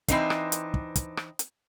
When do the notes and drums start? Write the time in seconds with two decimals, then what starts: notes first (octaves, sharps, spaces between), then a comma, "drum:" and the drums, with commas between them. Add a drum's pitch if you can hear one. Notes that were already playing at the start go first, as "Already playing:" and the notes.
0.08 E3 C4 D4 D#4 B4 C5, drum: kick, hi-hat
0.30 drum: rim click
0.52 drum: hi-hat
0.74 drum: kick
0.96 drum: kick, hi-hat
1.17 drum: rim click
1.39 drum: hi-hat